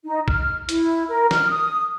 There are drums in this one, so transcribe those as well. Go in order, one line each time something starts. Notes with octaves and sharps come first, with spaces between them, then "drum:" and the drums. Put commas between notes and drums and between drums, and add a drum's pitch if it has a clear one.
D#4
F6, drum: kick A#1
E4, drum: hi-hat
A#4
F6, drum: snare
D#6